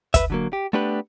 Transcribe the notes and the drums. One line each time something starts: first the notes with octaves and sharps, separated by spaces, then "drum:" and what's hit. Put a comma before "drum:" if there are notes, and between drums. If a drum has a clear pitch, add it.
B4 E5, drum: kick, hi-hat
D3 F#3 A#3
G4
A3 B3 D4 G4 B4